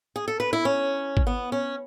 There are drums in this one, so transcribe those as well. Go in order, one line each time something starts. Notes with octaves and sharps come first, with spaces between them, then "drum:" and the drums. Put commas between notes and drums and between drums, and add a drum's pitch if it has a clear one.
G#4
A4
B4
E4
C#4
drum: kick
B3
C#4